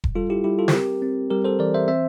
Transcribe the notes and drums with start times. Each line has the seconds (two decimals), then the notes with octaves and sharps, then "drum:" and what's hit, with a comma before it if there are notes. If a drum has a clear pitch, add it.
0.04 drum: kick E1
0.15 G3 F4 A4
0.30 E4 G4
0.44 G3 E4 G4
0.59 F4 A4
0.68 C5, drum: snare
0.73 C4 G4 A#4
1.02 C4
1.30 G3 G4 A#4
1.45 A4 C5
1.59 E3 A#4 D5
1.74 C5 E5
1.88 C4 C5 E5